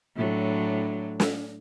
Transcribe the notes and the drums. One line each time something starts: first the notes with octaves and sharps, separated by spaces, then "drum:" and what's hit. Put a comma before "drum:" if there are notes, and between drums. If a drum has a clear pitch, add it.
A2 F#3 D4
drum: snare